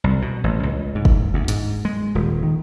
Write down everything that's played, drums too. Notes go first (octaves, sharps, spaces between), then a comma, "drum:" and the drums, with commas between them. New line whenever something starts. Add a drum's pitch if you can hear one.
C2
B2
A1
C#2
G#2
drum: kick F#1
D2
G#2, drum: hi-hat
G#3
D#1
D#3